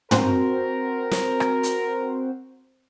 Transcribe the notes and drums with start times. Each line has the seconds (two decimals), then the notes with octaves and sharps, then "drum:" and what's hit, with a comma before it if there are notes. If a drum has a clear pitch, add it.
0.11 C4 F#4 A#4 C5, drum: tom
1.11 drum: snare
1.40 drum: rim click
1.63 drum: hi-hat